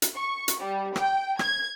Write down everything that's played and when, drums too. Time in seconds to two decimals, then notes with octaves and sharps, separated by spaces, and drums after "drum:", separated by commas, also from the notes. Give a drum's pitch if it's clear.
0.02 drum: hi-hat
0.17 C#6
0.48 drum: hi-hat
0.62 G3
0.96 G5, drum: rim click
1.39 G#6, drum: rim click